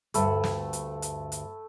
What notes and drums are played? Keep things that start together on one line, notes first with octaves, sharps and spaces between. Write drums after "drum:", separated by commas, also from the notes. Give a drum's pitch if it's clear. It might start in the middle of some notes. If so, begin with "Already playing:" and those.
D2 G2 A3 A4 B5, drum: hi-hat
drum: snare
drum: hi-hat
drum: hi-hat
drum: hi-hat